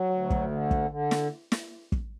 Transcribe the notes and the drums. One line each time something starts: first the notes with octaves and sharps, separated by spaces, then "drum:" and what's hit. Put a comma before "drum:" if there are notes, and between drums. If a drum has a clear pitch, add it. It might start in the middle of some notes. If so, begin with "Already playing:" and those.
Already playing: F#3
D2
drum: kick
D3
drum: kick
D3
drum: snare
drum: snare
drum: kick